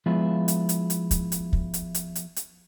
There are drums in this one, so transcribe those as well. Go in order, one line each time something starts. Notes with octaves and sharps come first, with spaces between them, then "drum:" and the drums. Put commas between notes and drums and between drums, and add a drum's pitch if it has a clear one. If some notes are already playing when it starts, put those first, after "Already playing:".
F3 G#3 B3 E4 F4 G#4
drum: hi-hat
drum: hi-hat
drum: hi-hat
drum: kick, hi-hat
drum: hi-hat
drum: kick
drum: hi-hat
drum: hi-hat
drum: hi-hat
drum: hi-hat